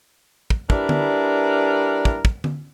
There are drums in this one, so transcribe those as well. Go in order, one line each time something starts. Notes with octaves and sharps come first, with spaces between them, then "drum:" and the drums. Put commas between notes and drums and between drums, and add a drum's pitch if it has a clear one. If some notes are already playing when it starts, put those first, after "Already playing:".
drum: kick
G3 D4 E4 A#4 B4 D5, drum: kick
drum: tom D3
drum: kick
drum: kick
drum: tom D3